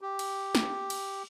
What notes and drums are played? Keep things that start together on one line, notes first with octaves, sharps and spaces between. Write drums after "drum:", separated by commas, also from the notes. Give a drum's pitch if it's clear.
G4
drum: cymbal
drum: snare
drum: cymbal